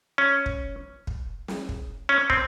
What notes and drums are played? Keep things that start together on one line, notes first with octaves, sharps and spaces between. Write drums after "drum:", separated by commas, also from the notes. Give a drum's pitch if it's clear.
C#4
drum: kick
drum: kick
drum: snare
drum: kick
C#4
C4, drum: kick